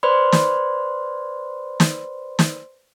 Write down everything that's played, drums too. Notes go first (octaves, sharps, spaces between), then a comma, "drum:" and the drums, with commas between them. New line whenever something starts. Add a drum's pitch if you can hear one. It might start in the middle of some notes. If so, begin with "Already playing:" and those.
B4 C5 D5 B5 C6
drum: snare
drum: snare
drum: snare